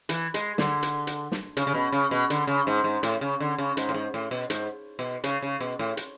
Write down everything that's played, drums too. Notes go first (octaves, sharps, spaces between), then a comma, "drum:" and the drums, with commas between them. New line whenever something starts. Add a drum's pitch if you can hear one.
E3, drum: hi-hat
G#3, drum: hi-hat
D3, drum: snare
drum: hi-hat
drum: hi-hat
drum: snare
C#3, drum: hi-hat
C#3
B2
C#3
B2
D3, drum: hi-hat
C#3
G#2
G#2
A2, drum: hi-hat
C#3
D3
C#3
G#2, drum: hi-hat
A2
G#2
A2
B2
G#2, drum: hi-hat
B2
C#3, drum: hi-hat
C#3
B2
A2
drum: hi-hat